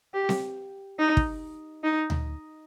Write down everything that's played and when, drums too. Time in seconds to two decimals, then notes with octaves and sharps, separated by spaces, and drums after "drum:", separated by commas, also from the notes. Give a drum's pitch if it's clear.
0.14 G4
0.29 drum: snare C4
0.99 D#4
1.17 drum: kick
1.83 D#4
2.10 drum: tom D2